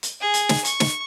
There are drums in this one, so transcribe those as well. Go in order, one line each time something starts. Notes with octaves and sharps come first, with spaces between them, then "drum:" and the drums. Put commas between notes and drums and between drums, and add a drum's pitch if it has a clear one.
drum: hi-hat
G#4
drum: hi-hat
drum: snare
C#6, drum: hi-hat
drum: snare